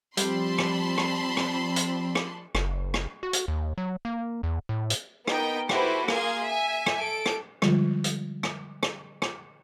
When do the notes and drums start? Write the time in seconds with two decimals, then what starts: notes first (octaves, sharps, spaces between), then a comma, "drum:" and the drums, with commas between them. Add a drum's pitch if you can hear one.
0.17 F3 G3 C4 D5 A5 B5 C6, drum: hi-hat
0.58 drum: rim click
0.98 drum: rim click
1.37 drum: rim click
1.76 drum: hi-hat
2.15 drum: rim click
2.55 F#1, drum: rim click
2.94 drum: rim click
3.23 F#4
3.33 drum: hi-hat
3.48 D#2
3.78 F#3
4.05 A#3
4.43 E2
4.69 A2
4.90 drum: hi-hat
5.27 B3 D#4 A#4 G5, drum: rim click
5.69 E4 F#4 G4 A4 B4 C5, drum: rim click
6.08 A#3 G#4 F5 C6 G#6, drum: rim click
6.43 E5 G#5
6.86 drum: rim click
6.99 A4 D7
7.26 drum: rim click
7.62 D3 F3 G3 G#3 F4, drum: rim click
8.04 drum: hi-hat
8.43 drum: rim click
8.83 drum: rim click
9.22 drum: rim click